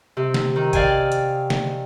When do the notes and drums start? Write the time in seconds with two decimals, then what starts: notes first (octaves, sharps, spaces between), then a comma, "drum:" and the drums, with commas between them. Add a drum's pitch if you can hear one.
0.17 C3
0.34 drum: snare
0.56 D#3
0.73 D5 F5 G5 G#5, drum: kick, hi-hat
1.12 drum: hi-hat
1.50 drum: snare